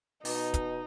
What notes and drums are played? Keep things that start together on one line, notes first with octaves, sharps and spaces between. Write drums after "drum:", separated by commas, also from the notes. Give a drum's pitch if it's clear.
B2 D#4, drum: open hi-hat
drum: kick, hi-hat